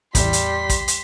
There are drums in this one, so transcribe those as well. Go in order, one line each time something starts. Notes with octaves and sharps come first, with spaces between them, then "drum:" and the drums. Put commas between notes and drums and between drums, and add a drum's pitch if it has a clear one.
E2 A2 G3 C6 B6, drum: kick, hi-hat
drum: hi-hat
drum: kick, hi-hat
drum: hi-hat